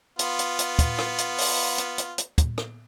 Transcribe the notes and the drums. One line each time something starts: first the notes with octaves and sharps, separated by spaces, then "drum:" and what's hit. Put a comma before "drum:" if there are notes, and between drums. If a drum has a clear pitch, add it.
B3 F4, drum: hi-hat
drum: hi-hat
drum: hi-hat
drum: kick, hi-hat
drum: rim click
drum: hi-hat
drum: open hi-hat
drum: hi-hat
drum: hi-hat
drum: hi-hat
drum: kick, hi-hat
drum: rim click